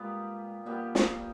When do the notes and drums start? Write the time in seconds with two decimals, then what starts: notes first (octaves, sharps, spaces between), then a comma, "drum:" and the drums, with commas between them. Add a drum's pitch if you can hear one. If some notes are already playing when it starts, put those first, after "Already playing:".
Already playing: A#2 G3 G#3 B3 G4
0.66 A#2 G3 A#3 B3 G4
0.95 drum: snare